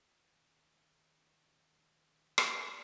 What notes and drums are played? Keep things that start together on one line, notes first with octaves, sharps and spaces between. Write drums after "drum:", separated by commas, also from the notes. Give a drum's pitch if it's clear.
A#2 D#3
drum: rim click